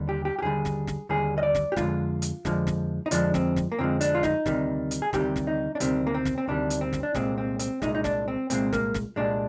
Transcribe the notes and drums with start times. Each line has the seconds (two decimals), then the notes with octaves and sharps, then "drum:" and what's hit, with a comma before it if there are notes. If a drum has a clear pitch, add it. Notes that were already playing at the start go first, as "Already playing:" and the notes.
Already playing: D#2 D3 G3
0.09 G4
0.25 G4
0.39 G4
0.42 D#2 D3 G3 G#4
0.65 drum: snare
0.87 drum: snare
1.09 D#2 D3 G3 G#4
1.38 D#5
1.43 D5
1.55 drum: snare
1.72 G4
1.76 F2 D3 F3 G#3 F4, drum: snare
2.22 drum: hi-hat
2.45 F2 D3 F3 G#3, drum: snare
2.67 drum: snare
3.06 D#4
3.11 F2 D3 F3 G#3 D4, drum: hi-hat
3.34 C4, drum: snare
3.56 drum: snare
3.72 A#3
3.79 F2 D3 F3 G#3 C4
4.01 D4, drum: hi-hat
4.15 F4
4.23 D#4, drum: snare
4.46 D2 C3 D#3 G3, drum: snare
4.91 drum: hi-hat
5.02 G#4
5.13 D2 C3 D#3 G3 G4, drum: snare
5.36 drum: snare
5.47 D#4
5.75 D4
5.80 D2 C3 D#3 G3 C4, drum: hi-hat
6.07 A#3
6.14 C4
6.25 drum: snare
6.38 C4
6.48 D2 C3 D#3 G3 D4
6.70 drum: hi-hat
6.81 C4
6.93 drum: snare
7.03 D4
7.15 C2 A#2 G#3 C4, drum: snare
7.38 C4
7.59 C4, drum: hi-hat
7.82 C2 A#2 G#3 D#4, drum: snare
7.95 D#4
8.04 D4, drum: snare
8.28 C4
8.50 C2 A#2 G#3 C4, drum: hi-hat
8.73 A#3, drum: snare
8.94 drum: snare
9.16 C2 A#2 G#3 D4